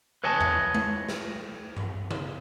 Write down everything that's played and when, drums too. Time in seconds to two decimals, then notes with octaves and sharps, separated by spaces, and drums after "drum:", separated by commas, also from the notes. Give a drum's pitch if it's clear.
0.24 B4 C#5 D#5 G#5 A5
0.41 drum: tom E2
0.75 drum: tom G#3
1.09 drum: snare
1.77 drum: tom G2
2.11 drum: tom C#3